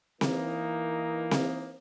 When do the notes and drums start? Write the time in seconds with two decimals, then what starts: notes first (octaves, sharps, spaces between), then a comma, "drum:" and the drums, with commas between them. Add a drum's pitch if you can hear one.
0.21 E3 A#3 D#4, drum: snare C4
1.31 drum: snare C4